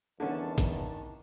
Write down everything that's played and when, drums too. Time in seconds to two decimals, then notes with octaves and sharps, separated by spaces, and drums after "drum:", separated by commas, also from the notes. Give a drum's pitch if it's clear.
0.20 E2 D3 D#3 C#4 A5
0.58 drum: kick, hi-hat